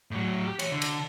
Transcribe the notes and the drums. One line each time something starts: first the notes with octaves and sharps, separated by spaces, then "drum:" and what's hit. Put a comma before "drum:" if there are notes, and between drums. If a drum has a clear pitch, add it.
A2 F#3
G4
E3 C#5, drum: cymbal
D3
drum: cymbal